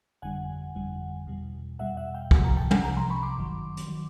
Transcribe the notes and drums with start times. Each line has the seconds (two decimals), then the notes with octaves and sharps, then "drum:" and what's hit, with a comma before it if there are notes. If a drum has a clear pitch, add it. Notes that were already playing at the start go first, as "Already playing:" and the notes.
0.22 G1 F2 D3 G3 F#5 G#5
0.75 G1 F2 D3 G3
1.27 E2 B2 G3
1.79 E2 B2 G3 E5 F#5
1.97 E5 F#5
2.14 F5 G5
2.31 C2 C3 F3 F#5 G#5, drum: kick
2.44 G#5 A#5
2.57 G5 A5
2.71 F#5 G#5, drum: tom
2.84 C2 C3 F3 G#5 A#5
2.97 A#5 C6
3.10 B5 C#6
3.23 C6 D6
3.37 G1 F#2 D#3 F#3
3.77 drum: hi-hat
3.88 D#3 F#3